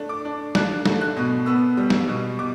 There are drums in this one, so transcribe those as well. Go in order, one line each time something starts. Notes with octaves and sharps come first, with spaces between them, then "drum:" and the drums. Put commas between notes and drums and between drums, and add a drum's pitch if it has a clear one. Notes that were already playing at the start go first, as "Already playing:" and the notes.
Already playing: A3 D4
D6
D4
D4 F#6, drum: snare
A3, drum: snare
F#6
B2
B3 E6
G3
drum: snare
B2
B2 D6